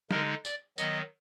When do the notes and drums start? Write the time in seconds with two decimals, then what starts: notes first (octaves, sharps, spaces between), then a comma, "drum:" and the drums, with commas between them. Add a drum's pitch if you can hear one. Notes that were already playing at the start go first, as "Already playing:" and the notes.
0.11 D3 G#3 D#4 A#4, drum: snare
0.45 D5, drum: tambourine
0.78 D#3 F#3 B3 D#5, drum: tambourine